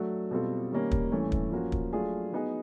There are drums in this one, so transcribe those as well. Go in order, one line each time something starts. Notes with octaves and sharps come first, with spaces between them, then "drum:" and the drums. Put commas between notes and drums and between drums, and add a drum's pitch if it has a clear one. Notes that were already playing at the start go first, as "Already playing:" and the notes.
Already playing: F#3 A3 D4 F#4
B2 G3 C4 F4 A4
D#3 G3 A#3 C#4
drum: kick
G2 E3 A3 C#4
drum: kick
F3 A#3 C#4 F#4
drum: kick
F#3 A3 D4 F4 G#4
F#3 B3 D#4 G#4